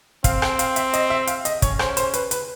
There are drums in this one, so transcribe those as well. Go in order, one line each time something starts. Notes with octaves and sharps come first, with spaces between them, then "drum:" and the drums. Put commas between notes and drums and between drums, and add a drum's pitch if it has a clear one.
C4 F5, drum: kick, hi-hat
G5, drum: rim click
F5, drum: hi-hat
E5, drum: hi-hat
D#5, drum: hi-hat
E5
F5, drum: hi-hat
D#5, drum: hi-hat
C#4 C#5, drum: kick, hi-hat
C5, drum: rim click
C5, drum: hi-hat
B4, drum: hi-hat
B4, drum: hi-hat